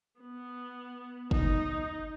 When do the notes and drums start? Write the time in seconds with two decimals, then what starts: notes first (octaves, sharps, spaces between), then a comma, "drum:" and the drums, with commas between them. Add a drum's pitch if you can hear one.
0.20 B3
1.31 D#4, drum: kick